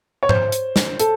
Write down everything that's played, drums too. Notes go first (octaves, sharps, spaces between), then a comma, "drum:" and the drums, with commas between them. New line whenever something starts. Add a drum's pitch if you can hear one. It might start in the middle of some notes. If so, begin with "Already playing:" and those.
C#5
C5, drum: tom G#2
drum: hi-hat
drum: snare
A4, drum: hi-hat